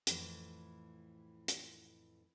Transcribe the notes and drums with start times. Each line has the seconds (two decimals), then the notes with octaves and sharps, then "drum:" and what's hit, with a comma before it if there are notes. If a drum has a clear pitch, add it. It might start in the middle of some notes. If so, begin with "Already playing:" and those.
0.07 F2 A2 E3, drum: hi-hat
1.48 drum: hi-hat